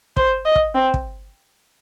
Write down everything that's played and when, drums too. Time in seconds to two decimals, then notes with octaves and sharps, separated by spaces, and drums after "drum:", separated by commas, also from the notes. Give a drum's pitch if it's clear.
0.17 C5, drum: kick
0.46 D#5
0.55 drum: kick
0.75 C4
0.94 drum: kick